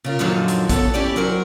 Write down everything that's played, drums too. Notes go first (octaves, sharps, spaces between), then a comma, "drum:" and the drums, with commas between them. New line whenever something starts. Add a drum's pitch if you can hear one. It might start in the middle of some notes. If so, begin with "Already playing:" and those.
C#3 F4 A#4
F#2 A#2 D3 D#3 F3 F#3
drum: hi-hat
B3 A4 A#4 C#5, drum: kick A#1, hi-hat
C#4 E4 G4 D5
F#3 F#4 A#4 C5